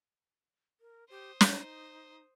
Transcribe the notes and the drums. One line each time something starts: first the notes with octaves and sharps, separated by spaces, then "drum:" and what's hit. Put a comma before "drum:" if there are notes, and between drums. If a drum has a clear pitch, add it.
A#4
G4 C5 D#6
D#4, drum: snare